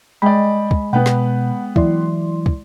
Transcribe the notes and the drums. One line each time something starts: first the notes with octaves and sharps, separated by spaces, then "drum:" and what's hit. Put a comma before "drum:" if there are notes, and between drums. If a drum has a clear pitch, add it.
G#3 D5 G5 B5
drum: kick
B2 B3 B4 F#5 G5 B5
drum: snare
E3 F#3 E4 D5 C6, drum: kick
drum: kick